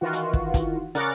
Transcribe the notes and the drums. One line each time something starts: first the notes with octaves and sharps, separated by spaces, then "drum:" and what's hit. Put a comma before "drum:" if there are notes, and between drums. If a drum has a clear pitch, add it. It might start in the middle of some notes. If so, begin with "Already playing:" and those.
D#3 E3 F4 F#4
drum: hi-hat
drum: kick
drum: kick, hi-hat
C#3 A#4 D5 F#5 A6, drum: hi-hat